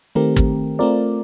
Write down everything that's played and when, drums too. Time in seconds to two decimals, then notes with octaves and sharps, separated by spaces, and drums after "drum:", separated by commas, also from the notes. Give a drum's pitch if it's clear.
0.15 D#3 A3 C4 G4 A#4
0.36 drum: kick
0.79 A3 C4 F4 A#4 D5